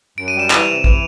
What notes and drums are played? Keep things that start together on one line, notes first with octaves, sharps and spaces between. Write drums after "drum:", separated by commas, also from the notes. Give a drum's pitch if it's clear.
F#2 D7
D#7
G3
E7
E3 F7, drum: clap
C3
E3, drum: kick